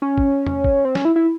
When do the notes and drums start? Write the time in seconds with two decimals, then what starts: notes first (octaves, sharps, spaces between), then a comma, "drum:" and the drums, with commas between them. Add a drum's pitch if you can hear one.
0.02 C#4
0.18 drum: kick
0.47 drum: tom E2
0.64 drum: kick
0.85 C4
0.95 C#4, drum: snare
1.05 E4
1.16 E4